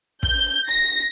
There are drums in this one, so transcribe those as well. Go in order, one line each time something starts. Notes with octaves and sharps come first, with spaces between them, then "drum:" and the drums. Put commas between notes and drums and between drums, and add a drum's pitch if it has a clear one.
G6, drum: kick
A#6